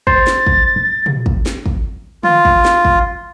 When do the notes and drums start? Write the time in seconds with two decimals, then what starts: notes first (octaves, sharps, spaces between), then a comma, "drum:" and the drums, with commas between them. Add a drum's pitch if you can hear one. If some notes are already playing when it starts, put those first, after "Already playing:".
0.07 C5 A6, drum: kick
0.27 drum: snare
0.47 drum: kick
1.06 drum: tom A#2
1.26 drum: kick
1.46 drum: snare
1.66 drum: kick
2.23 F4, drum: tom D3
2.45 drum: kick
2.65 drum: snare
2.85 drum: kick